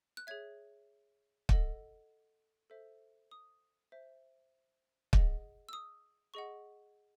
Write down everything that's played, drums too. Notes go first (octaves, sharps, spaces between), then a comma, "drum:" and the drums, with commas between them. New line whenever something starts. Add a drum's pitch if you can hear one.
F#6
G#4 C#5 E5 G#6
A4 D#5 F#5, drum: kick
A4 C5 E5
D#6
C5 E5
G#4 D#5 F#5, drum: kick
E6
D#6
G#4 D#5 F#5 C#6